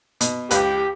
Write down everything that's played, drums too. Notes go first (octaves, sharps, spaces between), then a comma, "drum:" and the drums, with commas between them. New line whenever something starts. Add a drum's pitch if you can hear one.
B2, drum: hi-hat
C#2 G4 B4, drum: hi-hat